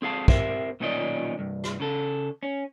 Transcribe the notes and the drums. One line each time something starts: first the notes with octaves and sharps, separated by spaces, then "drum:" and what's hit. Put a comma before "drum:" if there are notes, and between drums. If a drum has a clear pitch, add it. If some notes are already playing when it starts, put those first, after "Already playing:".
C4 G#4 F5 A5
C4 G4 A#4 C5 E5, drum: kick
B1 A#2 D#3 C#4 D5 D#5
C2 G2
drum: rim click
C#3 A4
C#4